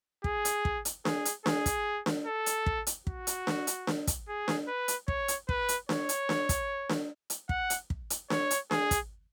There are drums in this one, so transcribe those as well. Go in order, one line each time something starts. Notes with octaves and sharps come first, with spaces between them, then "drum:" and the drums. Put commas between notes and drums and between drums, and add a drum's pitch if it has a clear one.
G#4, drum: kick
drum: hi-hat
drum: kick
drum: hi-hat
G#4, drum: snare D4
drum: hi-hat
G#4, drum: snare D4
drum: kick, hi-hat
drum: snare D4
A4
drum: hi-hat
drum: kick
drum: hi-hat
F#4, drum: kick
drum: hi-hat
drum: snare D4
drum: hi-hat
drum: snare D4
drum: kick, hi-hat
G#4
drum: snare D4
B4
drum: hi-hat
C#5, drum: kick
drum: hi-hat
B4, drum: kick
drum: hi-hat
C#5, drum: snare D4
drum: hi-hat
drum: snare D4
drum: kick, hi-hat
drum: snare D4
drum: hi-hat
F#5, drum: kick
drum: hi-hat
drum: kick
drum: hi-hat
C#5, drum: snare D4
drum: hi-hat
G#4, drum: snare D4
drum: kick, hi-hat